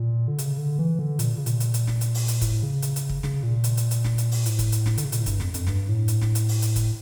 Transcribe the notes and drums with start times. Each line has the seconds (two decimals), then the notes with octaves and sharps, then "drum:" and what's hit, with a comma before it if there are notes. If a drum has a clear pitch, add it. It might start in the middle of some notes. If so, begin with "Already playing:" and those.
Already playing: A#2
0.28 D3
0.38 C#3, drum: hi-hat
0.58 D3
0.79 E3
0.99 D3
1.19 A#2, drum: hi-hat
1.37 C#3
1.46 A#2, drum: hi-hat
1.60 drum: hi-hat
1.74 drum: hi-hat
1.87 drum: snare
2.01 drum: hi-hat
2.14 drum: open hi-hat
2.28 drum: hi-hat
2.41 A2, drum: kick, hi-hat
2.63 C#3
2.82 drum: hi-hat
2.96 drum: hi-hat
3.09 drum: kick
3.23 C#3, drum: snare
3.43 A#2
3.64 drum: hi-hat
3.77 drum: hi-hat
3.91 drum: hi-hat
4.04 drum: snare
4.18 drum: hi-hat
4.32 drum: open hi-hat
4.46 A2, drum: hi-hat
4.59 drum: kick, hi-hat
4.72 drum: hi-hat
4.86 drum: snare
4.98 D3, drum: hi-hat
5.04 C#3
5.12 A#2, drum: hi-hat
5.20 A2
5.26 G2, drum: kick, hi-hat
5.40 F2, drum: snare
5.54 F2, drum: hi-hat
5.67 G2, drum: snare
5.88 A2
6.08 drum: hi-hat
6.21 drum: snare
6.35 drum: hi-hat
6.49 drum: open hi-hat
6.62 drum: hi-hat
6.76 drum: kick, hi-hat